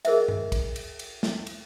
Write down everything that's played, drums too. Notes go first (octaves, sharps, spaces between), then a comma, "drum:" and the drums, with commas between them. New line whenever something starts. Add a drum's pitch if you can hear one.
G#4 A#4 C5 D#5 E5, drum: cymbal
drum: tom G2
drum: kick, cymbal
drum: cymbal
drum: cymbal
drum: snare
drum: cymbal